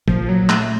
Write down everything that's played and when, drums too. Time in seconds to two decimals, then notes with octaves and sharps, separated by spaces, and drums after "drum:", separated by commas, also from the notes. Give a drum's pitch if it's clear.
0.08 A#2 F3, drum: kick
0.29 F#3
0.49 A3, drum: clap